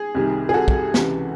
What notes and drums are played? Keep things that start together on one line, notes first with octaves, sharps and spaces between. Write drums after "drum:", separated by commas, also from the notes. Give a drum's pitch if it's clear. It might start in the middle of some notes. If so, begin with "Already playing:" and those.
Already playing: G#4
C2 C3 D#3
G#4
F#4 A4
drum: kick
C#2 C3 E3, drum: snare